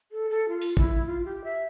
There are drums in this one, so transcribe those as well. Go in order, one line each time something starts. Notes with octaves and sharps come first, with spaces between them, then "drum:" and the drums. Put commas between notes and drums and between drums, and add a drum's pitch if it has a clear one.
A4
A4
F4
drum: open hi-hat
E4, drum: kick
F4
G4
E5